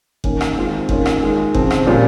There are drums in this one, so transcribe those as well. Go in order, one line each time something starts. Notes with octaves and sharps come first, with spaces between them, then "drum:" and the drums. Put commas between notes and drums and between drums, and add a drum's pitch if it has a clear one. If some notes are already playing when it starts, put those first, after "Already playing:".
D#3 A#3 C#4, drum: kick F#1
drum: rim click
D#3 G#3 C4 F4
D#3 A#3 C#4 F4, drum: kick F#1
drum: rim click
D#3 G#3 D#4
C#3 F3 C4, drum: kick F#1
drum: rim click
A#2 G3 C#4 F4